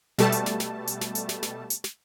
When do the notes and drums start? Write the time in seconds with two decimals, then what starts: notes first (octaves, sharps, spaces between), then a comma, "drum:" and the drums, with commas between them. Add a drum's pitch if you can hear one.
0.18 B2 G3 A3 A5, drum: snare
0.32 drum: hi-hat
0.46 drum: snare
0.60 drum: snare
0.87 drum: hi-hat
1.01 drum: snare
1.15 drum: hi-hat
1.29 drum: snare
1.43 drum: snare
1.70 drum: hi-hat
1.84 drum: snare